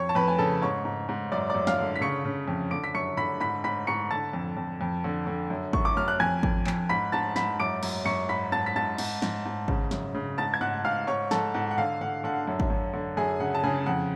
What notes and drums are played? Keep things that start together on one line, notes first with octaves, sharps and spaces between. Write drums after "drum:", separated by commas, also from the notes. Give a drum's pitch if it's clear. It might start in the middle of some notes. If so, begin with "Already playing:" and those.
Already playing: F2 C#5 C#6
A5
F2 B4 B5
G#5
C#3 A4 A5
G#2 C#5 C#6
G#2
G#2
F#2 D5 D6
F#2 D5 D6
F5 F6, drum: snare
D3
B6
C#3 C#6 C#7
C#3
F2
D3 D6 D7
B6
F#2 C#6 C#7
D3 B5 B6
G#2 B5 B6
G#2 B5 B6
G#2 C#6 C#7
D3 A5 A6
F2
F2
F2
D3
D3
F#2
F#2 C#6, drum: kick G#1
D6
F#2 F6
F#6
F2 G#5 G#6
F2, drum: kick G#1
F2, drum: clap
G#2 B5 B6
G#2 A5 A6
G#2 B5 B6, drum: snare
F#2 D6 D7
F#2, drum: cymbal
F#2 C#6 C#7
G#2 B5 B6
G#2 A5 A6
B6
G#2 A5 A6
G#2, drum: cymbal
G#2, drum: snare
G#2
C#3, drum: kick G#1
F#2, drum: snare
C#3
G#2 A5 A6
G#6
G#2 F#5 F#6
G#2 F5 F6
G#2 C#5 C#6
G#2 A4 A5, drum: snare
G#2 F#5
F#5
D3 F5
D3 F#5
D3 F#5
F#2
drum: kick G#1
F#2
D3
F#2 G#4 G#5
C#3 F#5
A5
C#3 G#4 G#5
F2 F#5